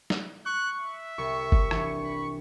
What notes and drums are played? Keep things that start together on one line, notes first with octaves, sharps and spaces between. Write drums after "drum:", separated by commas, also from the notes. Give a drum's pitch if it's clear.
drum: snare
C#6 F#6
E5
C2 C#6
drum: kick F#1
E3 D4, drum: rim click
B5